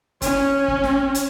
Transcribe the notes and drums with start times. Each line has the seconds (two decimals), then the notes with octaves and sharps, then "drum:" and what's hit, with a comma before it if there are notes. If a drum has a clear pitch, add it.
0.22 C#4, drum: kick, hi-hat
0.68 drum: kick
0.84 drum: snare
1.15 drum: hi-hat